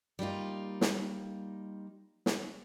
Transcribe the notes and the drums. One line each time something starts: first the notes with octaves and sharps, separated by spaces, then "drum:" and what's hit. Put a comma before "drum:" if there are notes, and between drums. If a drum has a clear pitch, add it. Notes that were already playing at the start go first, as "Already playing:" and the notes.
G3 A#3 D#4 F4
drum: snare
drum: snare